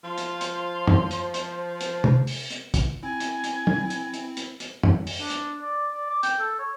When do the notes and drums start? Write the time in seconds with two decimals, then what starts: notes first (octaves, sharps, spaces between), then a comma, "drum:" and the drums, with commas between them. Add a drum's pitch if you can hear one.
0.04 F3 F4 C5
0.18 drum: hi-hat
0.41 drum: hi-hat
0.87 drum: tom
1.11 drum: hi-hat
1.34 drum: hi-hat
1.81 drum: hi-hat
2.04 drum: tom
2.27 drum: open hi-hat
2.51 drum: hi-hat
2.74 drum: kick, hi-hat
3.03 C4 E4 G#5
3.20 drum: hi-hat
3.44 drum: hi-hat
3.67 drum: tom
3.90 drum: hi-hat
4.14 drum: hi-hat
4.37 drum: hi-hat
4.60 drum: hi-hat
4.83 drum: tom
5.07 drum: open hi-hat
5.19 D4
5.30 drum: hi-hat
5.62 D5
5.94 D5
6.10 D6
6.23 G5, drum: hi-hat
6.40 A4
6.59 C#5